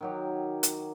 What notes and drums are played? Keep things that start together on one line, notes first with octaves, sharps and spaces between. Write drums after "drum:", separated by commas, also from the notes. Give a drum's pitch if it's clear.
D#3 F#3 G4
drum: hi-hat